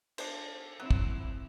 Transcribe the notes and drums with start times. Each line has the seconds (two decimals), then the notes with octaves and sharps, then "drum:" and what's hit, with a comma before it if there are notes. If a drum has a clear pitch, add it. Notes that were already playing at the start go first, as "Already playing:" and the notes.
0.18 D4 C5, drum: cymbal
0.80 F#3 C4 E4
0.91 drum: kick